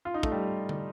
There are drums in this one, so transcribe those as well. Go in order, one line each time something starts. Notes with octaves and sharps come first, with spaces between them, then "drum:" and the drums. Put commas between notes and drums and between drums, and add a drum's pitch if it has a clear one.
F4
D#4
A3, drum: kick
G3
drum: tom